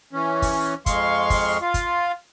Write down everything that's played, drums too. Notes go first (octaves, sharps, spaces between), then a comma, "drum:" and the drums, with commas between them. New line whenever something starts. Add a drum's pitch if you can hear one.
E3 C#4
drum: kick, open hi-hat
F2 G#3 F5 C6 C#6, drum: kick, hi-hat
drum: kick, open hi-hat
F4 F5
drum: kick, hi-hat